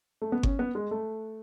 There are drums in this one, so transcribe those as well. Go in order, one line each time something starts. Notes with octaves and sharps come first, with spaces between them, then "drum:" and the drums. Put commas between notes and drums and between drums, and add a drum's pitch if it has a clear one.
A3
B3
C#4, drum: kick G1
B3
G#3
A3